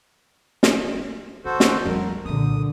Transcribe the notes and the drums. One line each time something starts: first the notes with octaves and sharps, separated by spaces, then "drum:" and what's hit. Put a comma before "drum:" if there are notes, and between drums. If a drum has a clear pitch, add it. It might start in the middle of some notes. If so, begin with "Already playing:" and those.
drum: snare
D3 F#4 A4 C5
drum: snare
F2 G3 A#4
C2 A#2 D3 D#6